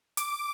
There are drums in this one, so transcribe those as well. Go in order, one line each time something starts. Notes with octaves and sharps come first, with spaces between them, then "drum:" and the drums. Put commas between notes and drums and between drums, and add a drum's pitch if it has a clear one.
D6, drum: hi-hat